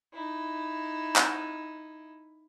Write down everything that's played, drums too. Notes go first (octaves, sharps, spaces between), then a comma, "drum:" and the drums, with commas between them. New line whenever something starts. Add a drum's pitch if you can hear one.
D#4 E4
drum: clap